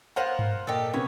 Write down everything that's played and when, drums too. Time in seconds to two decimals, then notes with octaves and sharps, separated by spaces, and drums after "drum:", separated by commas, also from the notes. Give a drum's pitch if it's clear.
0.16 B3 A#4 C5 F5 F#5 F#6
0.39 drum: tom G2
0.67 A#2 G4 A4 D#5
0.94 C3 B3 C#4 C#5